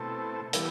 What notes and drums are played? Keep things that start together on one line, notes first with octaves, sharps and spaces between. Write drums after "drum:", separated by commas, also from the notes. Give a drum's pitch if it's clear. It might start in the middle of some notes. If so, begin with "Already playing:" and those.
Already playing: B2 A3 C4 E4 A4
E3 G3 B3 E4, drum: hi-hat